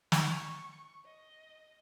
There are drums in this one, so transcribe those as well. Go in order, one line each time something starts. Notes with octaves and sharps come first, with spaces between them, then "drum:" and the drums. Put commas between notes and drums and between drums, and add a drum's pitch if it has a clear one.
C#6, drum: snare
D#5